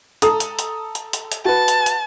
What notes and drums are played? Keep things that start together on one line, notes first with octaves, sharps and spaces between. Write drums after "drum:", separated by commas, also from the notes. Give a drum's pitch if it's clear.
A4 A#5 D#6, drum: hi-hat
drum: hi-hat
drum: hi-hat
drum: hi-hat
drum: hi-hat
drum: hi-hat
F#4 B4 A5
drum: hi-hat
drum: hi-hat